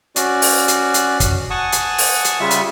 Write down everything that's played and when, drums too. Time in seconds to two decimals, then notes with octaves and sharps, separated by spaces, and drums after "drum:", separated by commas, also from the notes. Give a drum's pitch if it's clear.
0.16 C#4 F#4 D5, drum: hi-hat
0.42 drum: open hi-hat
0.68 drum: hi-hat
0.94 drum: hi-hat
1.20 drum: kick, hi-hat
1.50 F#5 G#5 A5 C#6 D#6
1.72 drum: hi-hat
1.98 drum: open hi-hat
2.24 drum: hi-hat
2.40 C#3 G3 F4 E5 C#6
2.51 drum: hi-hat